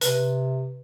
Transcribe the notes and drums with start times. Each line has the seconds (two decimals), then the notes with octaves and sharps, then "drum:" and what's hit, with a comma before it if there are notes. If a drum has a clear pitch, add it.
0.01 C3 B4, drum: hi-hat